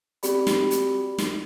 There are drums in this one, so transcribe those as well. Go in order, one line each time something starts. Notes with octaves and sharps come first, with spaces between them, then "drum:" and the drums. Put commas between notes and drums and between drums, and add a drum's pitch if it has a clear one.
C4 F#4 G4 D5 B5, drum: hi-hat
drum: snare
drum: hi-hat
drum: snare